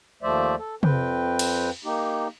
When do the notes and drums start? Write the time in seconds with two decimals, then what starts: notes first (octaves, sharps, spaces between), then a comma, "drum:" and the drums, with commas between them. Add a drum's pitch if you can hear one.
0.23 D#2 F3 A3 C5 D5 E5
0.59 A4
0.83 F2 C4 B4 G5, drum: tom C3
1.39 drum: cymbal
1.85 A#3 D#4 G4